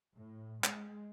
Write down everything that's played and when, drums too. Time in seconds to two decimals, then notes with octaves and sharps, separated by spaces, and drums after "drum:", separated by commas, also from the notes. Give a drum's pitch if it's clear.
0.15 A2
0.64 G#3, drum: clap